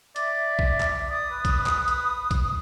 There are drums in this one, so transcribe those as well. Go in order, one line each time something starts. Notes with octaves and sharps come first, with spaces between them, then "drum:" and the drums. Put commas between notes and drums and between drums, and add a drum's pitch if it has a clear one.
D5 E5, drum: hi-hat
drum: kick A#1
drum: clap
D5 D#6
B4
drum: kick A#1, hi-hat
drum: clap
drum: hi-hat
drum: kick A#1, hi-hat